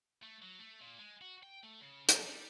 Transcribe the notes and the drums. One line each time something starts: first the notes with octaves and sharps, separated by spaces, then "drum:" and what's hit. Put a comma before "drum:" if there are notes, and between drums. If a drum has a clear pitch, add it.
A3
F#3
A3
A#2
G#3
F#4
G5
A3
C#3
F#3, drum: hi-hat
G3